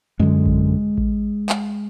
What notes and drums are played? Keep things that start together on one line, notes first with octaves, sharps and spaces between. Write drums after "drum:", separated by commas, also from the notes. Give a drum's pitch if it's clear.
F#2 D3 G#3
drum: kick A1
drum: kick A1
drum: clap